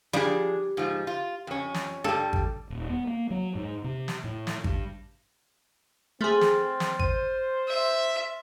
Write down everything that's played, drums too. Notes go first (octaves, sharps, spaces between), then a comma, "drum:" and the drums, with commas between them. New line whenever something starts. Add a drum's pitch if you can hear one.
F3 G3 D4 G#4
G#2 F3
F4
F2 C#4
drum: snare
G2 G3 A4
drum: kick G#1
D#1
B3
A#3
F#3
G#2
C3
drum: snare
A2
drum: snare
G2, drum: kick G#1
A3 C4 G#4 C6 F6 A6
drum: snare
drum: snare
C5 D#7, drum: kick G#1
E5